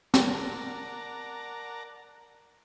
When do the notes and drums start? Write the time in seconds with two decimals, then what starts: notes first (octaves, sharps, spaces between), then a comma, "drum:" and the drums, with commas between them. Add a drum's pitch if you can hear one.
0.14 A#4 D5 F#5 A5 A#5, drum: snare